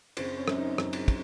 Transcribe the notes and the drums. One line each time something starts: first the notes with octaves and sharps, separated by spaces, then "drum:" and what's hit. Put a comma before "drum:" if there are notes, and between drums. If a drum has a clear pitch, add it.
F#1 C4, drum: cymbal
C#4
F#2, drum: rim click
D#4
F#2, drum: rim click
drum: cymbal
drum: kick, cymbal